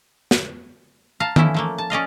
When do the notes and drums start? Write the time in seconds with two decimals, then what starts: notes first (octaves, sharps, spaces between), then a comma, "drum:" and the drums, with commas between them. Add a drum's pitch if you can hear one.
0.31 drum: snare
1.20 F5 A5 A#5
1.36 E3 F3 A3 C#4 E4, drum: tom D#3
1.54 F3 A3 A#3
1.78 A5
1.90 C#4 D5 D#5 F5